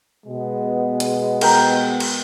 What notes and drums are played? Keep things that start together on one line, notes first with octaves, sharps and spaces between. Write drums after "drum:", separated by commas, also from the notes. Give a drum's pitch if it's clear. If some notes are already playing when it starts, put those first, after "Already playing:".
B2 G#3 B3
drum: hi-hat
A#4 G5 A#5, drum: cymbal
drum: cymbal